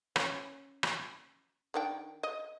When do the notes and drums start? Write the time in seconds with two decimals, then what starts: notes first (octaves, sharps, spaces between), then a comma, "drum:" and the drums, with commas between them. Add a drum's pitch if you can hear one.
0.16 C#4, drum: rim click
0.83 drum: rim click
1.74 D#3 D4 G5
2.23 D#5